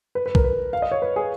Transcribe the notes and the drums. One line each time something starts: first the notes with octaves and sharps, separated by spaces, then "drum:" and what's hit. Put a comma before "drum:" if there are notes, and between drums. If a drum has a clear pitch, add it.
B4
B4
A#4, drum: kick
B4
F5
D#5
C#5
B4
G#4